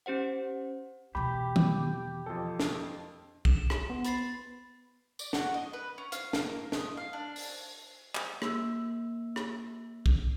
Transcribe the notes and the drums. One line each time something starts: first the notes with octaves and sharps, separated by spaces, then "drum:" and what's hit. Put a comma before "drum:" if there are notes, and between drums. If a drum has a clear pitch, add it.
C#4 G4 C5 F#5
E2 B2 G4 B5
drum: tom D#3
F2 A4
drum: snare
E7, drum: kick
C6, drum: rim click
B3
B5 A6 C7, drum: hi-hat
D5, drum: tambourine
F#4, drum: snare
D#5
B4
C#4
F5, drum: hi-hat
A#3, drum: snare
D#5, drum: snare
F5
D4
drum: open hi-hat
drum: clap
A#3 E6, drum: rim click
drum: rim click
drum: kick